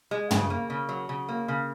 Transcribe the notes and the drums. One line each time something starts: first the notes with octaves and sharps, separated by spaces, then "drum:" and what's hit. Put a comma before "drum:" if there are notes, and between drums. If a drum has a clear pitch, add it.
G#3
C#3, drum: tom
A#3
C#3
F#3
C#3
A#3
C#3